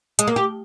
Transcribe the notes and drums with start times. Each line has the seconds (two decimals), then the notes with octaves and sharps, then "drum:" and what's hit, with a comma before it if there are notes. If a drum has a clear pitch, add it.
0.19 G#3, drum: hi-hat
0.27 A#3
0.36 G4